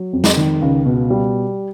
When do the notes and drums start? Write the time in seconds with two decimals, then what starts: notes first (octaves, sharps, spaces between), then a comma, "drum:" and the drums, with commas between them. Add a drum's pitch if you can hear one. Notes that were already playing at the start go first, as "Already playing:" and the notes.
Already playing: F#3
0.13 F2
0.24 drum: snare
0.36 D#3
0.62 C#2
0.86 B2
1.10 G3